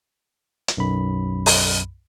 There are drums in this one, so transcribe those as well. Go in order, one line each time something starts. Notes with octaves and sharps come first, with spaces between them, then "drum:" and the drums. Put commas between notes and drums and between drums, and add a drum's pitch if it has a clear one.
drum: hi-hat
B1 F#2 B5
drum: open hi-hat